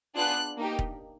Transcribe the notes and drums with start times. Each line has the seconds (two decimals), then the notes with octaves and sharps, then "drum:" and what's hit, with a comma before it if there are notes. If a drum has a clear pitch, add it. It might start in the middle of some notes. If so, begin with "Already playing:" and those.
0.15 B3 D4 F4 G#4 F#6
0.58 A#3 D#4 G4
0.79 drum: kick E1